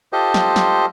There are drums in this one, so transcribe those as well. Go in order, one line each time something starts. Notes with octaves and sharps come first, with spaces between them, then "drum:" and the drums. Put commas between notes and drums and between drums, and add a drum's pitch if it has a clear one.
F4 G4 A4 C5 D#5
drum: snare
drum: snare